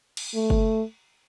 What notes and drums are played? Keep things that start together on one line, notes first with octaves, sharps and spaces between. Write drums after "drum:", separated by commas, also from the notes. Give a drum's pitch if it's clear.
drum: cymbal
A3
drum: kick F#1